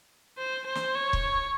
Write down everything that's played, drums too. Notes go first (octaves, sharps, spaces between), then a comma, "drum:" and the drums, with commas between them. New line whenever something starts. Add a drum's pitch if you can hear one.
C5
C5
drum: snare
C#5
drum: kick